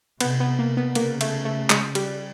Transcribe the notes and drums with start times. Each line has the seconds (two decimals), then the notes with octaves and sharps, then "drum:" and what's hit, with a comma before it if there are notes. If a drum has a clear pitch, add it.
0.20 C3 B3, drum: cymbal
0.40 B3
0.59 A#3
0.77 B3
0.95 C#3 A#3, drum: cymbal
1.21 A3, drum: cymbal
1.45 A3
1.70 G#3, drum: clap
1.95 G3, drum: cymbal